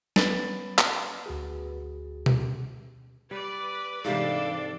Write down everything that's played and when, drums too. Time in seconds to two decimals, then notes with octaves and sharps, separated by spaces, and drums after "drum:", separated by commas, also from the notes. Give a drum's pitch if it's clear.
0.16 B3 C#4 B5 A6, drum: snare
0.78 drum: clap
1.26 D2 F#4 G#4
2.26 drum: tom B2
3.31 G3 B4 D5
4.05 G#2 C3 E3 G3 D4 A4 D5 F5